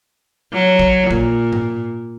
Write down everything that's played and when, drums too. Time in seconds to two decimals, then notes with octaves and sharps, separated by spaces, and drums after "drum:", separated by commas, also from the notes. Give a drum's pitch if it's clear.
0.53 F#3
0.79 drum: kick
1.11 A#2, drum: kick
1.53 drum: tom G#2